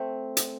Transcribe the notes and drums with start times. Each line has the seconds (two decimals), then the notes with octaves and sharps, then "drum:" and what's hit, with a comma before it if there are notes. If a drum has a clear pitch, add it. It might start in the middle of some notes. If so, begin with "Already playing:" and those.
Already playing: A3 C4
0.37 drum: hi-hat